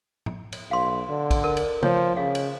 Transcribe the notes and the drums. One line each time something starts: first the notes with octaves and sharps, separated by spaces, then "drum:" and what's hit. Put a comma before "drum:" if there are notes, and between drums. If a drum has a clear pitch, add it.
drum: tom A2
drum: cymbal
B1 F5 C6
D3
drum: kick, cymbal
A#4
drum: cymbal
F3 C#5, drum: tom
C#3 F5
drum: cymbal